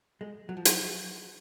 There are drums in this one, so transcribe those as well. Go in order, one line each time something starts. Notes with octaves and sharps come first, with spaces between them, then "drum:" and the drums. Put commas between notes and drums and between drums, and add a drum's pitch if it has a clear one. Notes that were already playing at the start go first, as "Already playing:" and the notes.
G#3
F#3
F3
F#3, drum: hi-hat